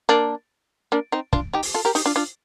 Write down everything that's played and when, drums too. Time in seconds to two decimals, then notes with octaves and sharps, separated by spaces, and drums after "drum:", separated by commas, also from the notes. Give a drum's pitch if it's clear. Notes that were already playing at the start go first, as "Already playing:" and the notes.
0.09 A#3 D4
0.92 A#3 D4
1.12 C4 D#4
1.33 D4 F4, drum: kick
1.53 D#4 G4
1.63 drum: open hi-hat
1.74 F4 A4
1.85 G4 A#4
1.95 D#4 G4, drum: open hi-hat
2.06 D4 F4
2.16 D4 F4